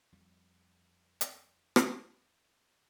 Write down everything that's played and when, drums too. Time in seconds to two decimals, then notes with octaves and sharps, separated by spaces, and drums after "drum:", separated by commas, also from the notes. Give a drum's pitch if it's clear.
0.12 F2 G3
1.21 drum: hi-hat
1.76 drum: rim click